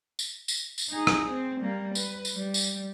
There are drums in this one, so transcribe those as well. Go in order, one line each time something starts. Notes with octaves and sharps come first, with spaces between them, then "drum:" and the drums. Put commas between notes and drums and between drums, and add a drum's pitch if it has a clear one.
drum: tambourine
drum: tambourine
drum: tambourine
D#4 G#4
drum: rim click
C4
G3 A#3
B4, drum: tambourine
drum: tambourine
G3
drum: tambourine